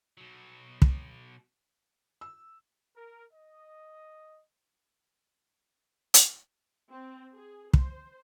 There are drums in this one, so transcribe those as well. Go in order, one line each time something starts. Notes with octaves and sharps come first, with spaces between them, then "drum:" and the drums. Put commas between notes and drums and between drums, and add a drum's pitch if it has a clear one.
B2 F#3
drum: kick
E6
A#4
D#5
drum: hi-hat
C4
G#4
C5, drum: kick